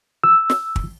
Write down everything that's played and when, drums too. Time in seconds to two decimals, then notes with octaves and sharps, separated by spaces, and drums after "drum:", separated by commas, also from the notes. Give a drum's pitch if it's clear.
0.24 E6
0.50 drum: snare
0.76 drum: kick